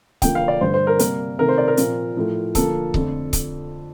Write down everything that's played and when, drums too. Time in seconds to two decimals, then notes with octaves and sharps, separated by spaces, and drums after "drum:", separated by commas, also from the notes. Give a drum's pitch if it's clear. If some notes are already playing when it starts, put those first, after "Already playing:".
0.22 D3 F3 A#3 G5, drum: kick C#1, hi-hat
0.35 F5
0.48 D5
0.61 G2 D3 A3 C5
0.74 C5
0.87 A#4
0.99 C3 G3 A#3 A#4, drum: hi-hat
1.38 C3 D#3 A3 A#4
1.49 C5
1.58 D5
1.68 A#4
1.77 A#2 F3 C4, drum: hi-hat
2.17 A2 F3 A3
2.55 D3 F3 A#3 A4, drum: kick C#1, hi-hat
2.94 F2 D3 A3, drum: kick C#1
3.33 drum: kick C#1, hi-hat